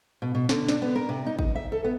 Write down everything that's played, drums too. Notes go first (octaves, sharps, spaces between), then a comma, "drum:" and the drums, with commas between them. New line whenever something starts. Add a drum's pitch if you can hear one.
B2
B2
D3, drum: snare
D4, drum: snare
B3
A#4
C3
D#4
D#4, drum: kick
E5
A4
B3